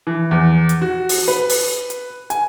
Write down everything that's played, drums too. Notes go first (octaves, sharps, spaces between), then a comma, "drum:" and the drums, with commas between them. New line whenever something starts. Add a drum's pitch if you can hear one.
E3
E2
drum: hi-hat
F#4
drum: open hi-hat
B4
drum: open hi-hat
drum: hi-hat
G#5, drum: hi-hat